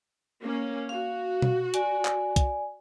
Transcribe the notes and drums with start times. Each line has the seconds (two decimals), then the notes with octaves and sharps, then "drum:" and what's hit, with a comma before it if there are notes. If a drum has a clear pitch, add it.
0.43 A#3 C#4
0.89 F#4 F5
1.42 drum: tom B2
1.74 D5 G#5, drum: hi-hat
2.05 drum: clap
2.36 drum: kick, hi-hat